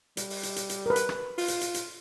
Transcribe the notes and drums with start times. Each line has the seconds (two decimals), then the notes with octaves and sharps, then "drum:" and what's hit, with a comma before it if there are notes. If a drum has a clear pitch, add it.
0.17 G3, drum: hi-hat
0.30 drum: open hi-hat
0.43 drum: hi-hat
0.56 drum: hi-hat
0.69 drum: hi-hat
0.86 A#4 B4
0.96 drum: hi-hat
1.09 drum: rim click
1.38 F4, drum: open hi-hat
1.48 drum: hi-hat
1.61 drum: hi-hat
1.74 drum: hi-hat